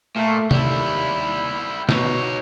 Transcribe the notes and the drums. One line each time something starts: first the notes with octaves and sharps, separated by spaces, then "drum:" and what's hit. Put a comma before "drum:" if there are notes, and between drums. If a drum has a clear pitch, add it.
A#2 A3
D#2 G3 E4, drum: tom C3
B2 D#4 C#5, drum: snare